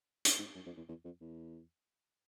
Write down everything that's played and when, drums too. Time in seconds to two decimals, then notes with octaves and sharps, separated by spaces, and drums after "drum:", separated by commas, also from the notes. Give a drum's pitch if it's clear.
0.25 drum: hi-hat
0.39 G#2
0.55 F#2
0.66 F2
0.77 E2
0.89 E2
1.05 F2
1.21 E2